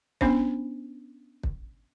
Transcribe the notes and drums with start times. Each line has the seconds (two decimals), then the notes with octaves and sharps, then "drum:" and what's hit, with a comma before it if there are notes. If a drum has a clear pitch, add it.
0.21 B3 C#4 D4 C5, drum: kick
1.43 drum: kick